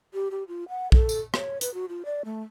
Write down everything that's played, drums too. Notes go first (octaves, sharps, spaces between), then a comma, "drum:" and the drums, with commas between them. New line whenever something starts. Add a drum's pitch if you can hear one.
G4
G4
F4
F#5
A4, drum: kick
drum: tambourine
C#5, drum: rim click
B4, drum: hi-hat
F#4
F4
D5
A3